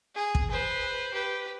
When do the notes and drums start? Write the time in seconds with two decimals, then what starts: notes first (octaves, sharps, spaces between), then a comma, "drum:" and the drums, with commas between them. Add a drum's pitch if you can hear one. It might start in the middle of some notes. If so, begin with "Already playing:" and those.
0.15 G#4
0.35 drum: kick
0.50 B4 C5
1.13 G4 B4